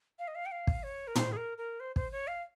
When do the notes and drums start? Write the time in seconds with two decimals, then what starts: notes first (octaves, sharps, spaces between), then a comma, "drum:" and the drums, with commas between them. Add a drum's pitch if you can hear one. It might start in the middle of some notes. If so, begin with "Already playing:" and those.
0.19 F5
0.28 D#5
0.35 F5
0.46 G5
0.52 F5
0.67 drum: kick
0.83 C#5
1.07 A#4
1.15 C5, drum: tom
1.32 G#4
1.37 A#4
1.58 A#4
1.80 C5
1.96 C5, drum: kick
2.12 C#5
2.27 F5